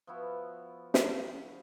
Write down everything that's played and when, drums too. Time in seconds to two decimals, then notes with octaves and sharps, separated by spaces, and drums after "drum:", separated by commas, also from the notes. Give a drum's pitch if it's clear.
0.07 F3 B3 E4 F#4
0.94 drum: snare